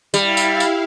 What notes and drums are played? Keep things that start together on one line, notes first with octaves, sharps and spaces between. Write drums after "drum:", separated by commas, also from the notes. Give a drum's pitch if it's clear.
G3 E4 F5, drum: tambourine
drum: tambourine
drum: tambourine